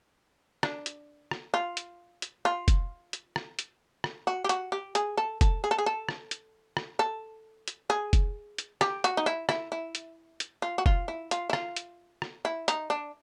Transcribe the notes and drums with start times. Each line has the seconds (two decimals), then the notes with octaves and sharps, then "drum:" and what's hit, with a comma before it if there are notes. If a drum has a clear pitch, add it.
0.63 D4, drum: rim click
0.86 drum: hi-hat
1.31 drum: rim click
1.54 F4
1.77 drum: hi-hat
2.22 drum: hi-hat
2.45 F4
2.68 drum: kick F1, hi-hat
3.13 drum: hi-hat
3.36 drum: rim click
3.59 drum: hi-hat
4.04 drum: rim click
4.27 F#4
4.44 G4
4.49 F#4, drum: hi-hat
4.72 G4
4.95 G#4, drum: hi-hat
5.17 A4
5.41 A4, drum: kick F1, hi-hat
5.64 G#4
5.71 A4
5.78 G#4
5.86 A4
6.09 drum: rim click
6.31 drum: hi-hat
6.77 drum: rim click
6.99 A4
7.68 drum: hi-hat
7.90 G#4
8.13 drum: kick F1, hi-hat
8.58 drum: hi-hat
8.81 G4, drum: rim click
9.04 F#4, drum: hi-hat
9.17 D#4
9.26 E4
9.49 E4, drum: rim click
9.72 E4
9.95 drum: hi-hat
10.40 drum: hi-hat
10.62 F4
10.78 F#4
10.86 F4, drum: kick F1
11.08 E4
11.31 F4, drum: hi-hat
11.50 E4
11.53 F4, drum: rim click
11.76 drum: hi-hat
12.22 drum: rim click
12.45 E4
12.68 D#4, drum: hi-hat
12.90 D4